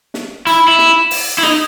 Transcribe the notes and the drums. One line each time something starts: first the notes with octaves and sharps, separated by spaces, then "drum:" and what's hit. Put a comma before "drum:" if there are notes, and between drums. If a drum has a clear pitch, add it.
drum: snare
E4, drum: hi-hat
E4
drum: snare
drum: open hi-hat
E4
D#4, drum: snare